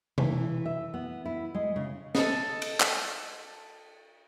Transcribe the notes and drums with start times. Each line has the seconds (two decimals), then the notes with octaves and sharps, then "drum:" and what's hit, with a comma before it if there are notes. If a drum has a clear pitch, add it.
0.18 E3, drum: tom B2
0.65 E5
0.94 B3
1.25 E4
1.54 G#3
1.76 C#3
2.15 A4 D#5, drum: snare
2.62 drum: cymbal
2.80 drum: clap